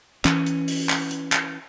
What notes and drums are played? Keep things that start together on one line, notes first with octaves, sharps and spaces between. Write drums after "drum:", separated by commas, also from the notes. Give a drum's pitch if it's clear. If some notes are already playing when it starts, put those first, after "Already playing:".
E3 C#4, drum: clap
drum: hi-hat
drum: open hi-hat
drum: clap
drum: hi-hat
drum: clap